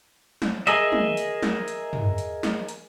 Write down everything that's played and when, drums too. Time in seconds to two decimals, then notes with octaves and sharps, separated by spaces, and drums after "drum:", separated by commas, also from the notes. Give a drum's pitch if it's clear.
0.42 drum: snare
0.67 G#4 A#4 D#5 E5, drum: hi-hat
0.92 drum: tom
1.17 drum: hi-hat
1.42 drum: snare
1.68 drum: hi-hat
1.93 drum: tom
2.18 drum: hi-hat
2.43 drum: snare
2.68 drum: hi-hat